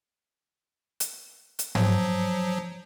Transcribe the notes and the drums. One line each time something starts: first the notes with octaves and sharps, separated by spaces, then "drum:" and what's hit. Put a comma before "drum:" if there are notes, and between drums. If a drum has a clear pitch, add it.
drum: hi-hat
drum: hi-hat
F3 F#3, drum: tom G#2